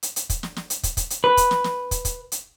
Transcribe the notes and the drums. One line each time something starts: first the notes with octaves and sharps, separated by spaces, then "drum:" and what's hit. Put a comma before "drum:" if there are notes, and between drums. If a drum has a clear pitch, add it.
drum: hi-hat
drum: hi-hat
drum: kick, hi-hat
drum: snare
drum: snare
drum: hi-hat
drum: kick, hi-hat
drum: kick, hi-hat
drum: hi-hat
B4
drum: kick, hi-hat
drum: snare
drum: snare
drum: kick, hi-hat
drum: kick, hi-hat
drum: hi-hat